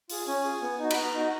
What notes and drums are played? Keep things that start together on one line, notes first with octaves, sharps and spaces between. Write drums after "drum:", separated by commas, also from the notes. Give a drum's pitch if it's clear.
F4 G#4, drum: open hi-hat
C#4 G#5
F4 G#4
B3
D#4 F#4
B5, drum: cymbal
B3 A#5
D#4 F#4